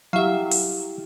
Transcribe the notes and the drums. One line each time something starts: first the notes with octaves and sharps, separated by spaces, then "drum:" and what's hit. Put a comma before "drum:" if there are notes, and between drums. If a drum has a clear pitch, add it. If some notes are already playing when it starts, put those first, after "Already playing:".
F#3 E4 G4 E5 F5
drum: open hi-hat